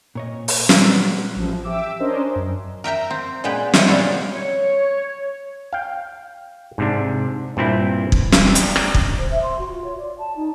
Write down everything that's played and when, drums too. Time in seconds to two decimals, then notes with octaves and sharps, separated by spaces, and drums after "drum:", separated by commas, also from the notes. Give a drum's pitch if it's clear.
0.15 A#2 C#5 D#5
0.48 drum: open hi-hat
0.69 A#2 F#3 G3 B4 C#5, drum: snare
1.36 A1 F3
1.63 G4 E5 D6 E6
2.00 C#4 D4 A#4 C5 D#5
2.36 F#2
2.84 A#4 E5 G5 A#5
3.10 C4
3.44 A#2 G#3 B3 B4 G5
3.74 C3 A4 C5 C#5 D#5 G5, drum: snare
3.87 A#2 G3 B3 C#5
4.32 C#5
5.73 F5 G5
6.78 G#2 C3 D4
7.57 G2 A#2 C4 E4
8.12 drum: kick
8.32 drum: snare
8.45 D4 G4 A#4 D#5
8.55 drum: hi-hat
8.76 A#5, drum: rim click
8.94 drum: kick
9.18 C5
9.31 E5
9.42 C6
9.59 F#4
9.71 F4
9.84 C#5
9.97 D5
10.18 A5
10.36 D#4